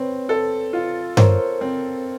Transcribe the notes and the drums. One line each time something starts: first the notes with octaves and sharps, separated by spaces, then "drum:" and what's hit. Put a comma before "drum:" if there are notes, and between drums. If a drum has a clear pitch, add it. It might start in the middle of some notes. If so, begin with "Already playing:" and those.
Already playing: C4 B4 C#5
A4
F4
A#4 C5 C#5, drum: tom G2
C4